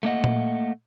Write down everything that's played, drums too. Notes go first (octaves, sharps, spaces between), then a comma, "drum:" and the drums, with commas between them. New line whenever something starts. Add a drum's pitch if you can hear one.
A3 A#3 D#5 F#5
drum: tom A#2